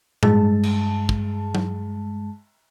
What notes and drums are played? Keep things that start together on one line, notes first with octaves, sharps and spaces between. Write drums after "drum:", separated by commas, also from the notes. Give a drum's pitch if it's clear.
G2 G#3 A5, drum: tom A2
drum: cymbal
drum: kick
drum: tom F#3